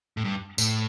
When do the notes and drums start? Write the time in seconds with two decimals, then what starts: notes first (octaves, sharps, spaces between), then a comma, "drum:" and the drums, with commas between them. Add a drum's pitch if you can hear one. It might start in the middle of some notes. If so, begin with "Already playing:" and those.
0.17 A2
0.24 G2
0.58 A2, drum: tambourine